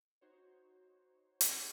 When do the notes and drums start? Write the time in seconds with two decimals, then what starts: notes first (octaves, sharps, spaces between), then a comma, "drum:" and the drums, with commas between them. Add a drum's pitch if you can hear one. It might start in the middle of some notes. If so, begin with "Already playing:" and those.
0.21 D#4 F#4 C5 C#5
1.41 drum: hi-hat